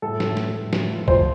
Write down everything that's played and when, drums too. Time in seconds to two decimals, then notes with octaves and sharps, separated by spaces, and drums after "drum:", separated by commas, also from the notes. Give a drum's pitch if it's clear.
0.02 A2 A4
0.20 A2, drum: snare
0.37 A2, drum: snare
0.55 A2
0.73 A2, drum: snare
0.89 F3
1.08 F3 C5, drum: kick C2